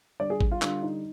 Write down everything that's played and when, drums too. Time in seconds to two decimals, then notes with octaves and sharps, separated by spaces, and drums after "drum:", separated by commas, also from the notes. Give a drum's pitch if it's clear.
0.20 D3 G3 D5
0.30 G#4
0.41 drum: kick G#1
0.52 F4
0.62 D3 G3 F4, drum: clap
0.83 D#4